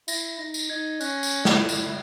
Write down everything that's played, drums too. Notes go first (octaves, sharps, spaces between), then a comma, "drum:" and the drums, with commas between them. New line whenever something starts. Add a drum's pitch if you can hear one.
E4 A#6, drum: tambourine
D#4 A#6
drum: tambourine
D#4 G#6
C#4 F#6, drum: tambourine
drum: tambourine
E4, drum: snare
drum: tambourine